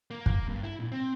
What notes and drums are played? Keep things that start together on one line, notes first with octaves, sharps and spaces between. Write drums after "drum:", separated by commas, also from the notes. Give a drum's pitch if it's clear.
A#3
drum: kick
G2
E4
A#2
C4